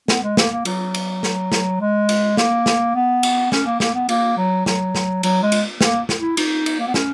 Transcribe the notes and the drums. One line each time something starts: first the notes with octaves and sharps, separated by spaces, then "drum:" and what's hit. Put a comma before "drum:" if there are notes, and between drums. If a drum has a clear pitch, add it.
B3, drum: snare
G#3
A#3, drum: snare
A#3
F#3, drum: cymbal
drum: cymbal
drum: snare
drum: snare
G#3
drum: cymbal
A#3, drum: snare
drum: snare
B3
drum: cymbal
C#4, drum: snare
A#3
A#3, drum: snare
B3
A#3, drum: cymbal
F#3
F#3, drum: snare
drum: snare
F#3, drum: cymbal
G#3
drum: cymbal
A#3, drum: snare
drum: snare
E4
D#4, drum: cymbal
drum: cymbal
A#3
B3
C#4, drum: snare